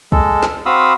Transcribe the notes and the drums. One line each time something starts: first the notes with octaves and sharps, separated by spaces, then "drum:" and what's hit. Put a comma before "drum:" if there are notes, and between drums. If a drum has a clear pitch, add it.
G#3 A4, drum: kick
drum: snare
C4 F#4 F5 B5 D#6 E6